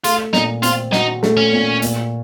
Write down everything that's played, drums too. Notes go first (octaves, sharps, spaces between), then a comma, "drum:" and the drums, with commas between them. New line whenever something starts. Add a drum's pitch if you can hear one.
A3 F4, drum: hi-hat
A#2 D#4, drum: snare
C4 F4, drum: hi-hat
D#4 F#4, drum: snare
A3, drum: snare
C#4
A#2
A#2, drum: hi-hat